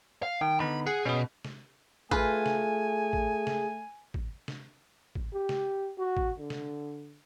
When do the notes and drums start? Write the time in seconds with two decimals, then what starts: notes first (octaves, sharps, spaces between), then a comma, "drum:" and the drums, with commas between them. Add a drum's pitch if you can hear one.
0.23 F5
0.41 D#3 G5
0.60 D3 B3 D#4 B5
0.87 G#4 F#5 G#5
1.05 B2 C#4 G#4
1.45 drum: snare
2.11 A3 F4 G#4 B4 G#5, drum: kick
2.46 drum: snare
3.13 drum: kick
3.47 drum: snare
4.14 drum: kick
4.48 drum: snare
5.15 drum: kick
5.34 G4
5.49 drum: snare
5.98 F#4
6.17 drum: kick
6.39 D3
6.50 drum: snare